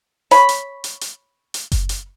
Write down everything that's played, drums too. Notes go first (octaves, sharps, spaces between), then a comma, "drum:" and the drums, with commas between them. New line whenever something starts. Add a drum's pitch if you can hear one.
C#5 B5, drum: hi-hat
drum: hi-hat
drum: hi-hat
drum: hi-hat
drum: hi-hat
drum: kick F#1, hi-hat
drum: hi-hat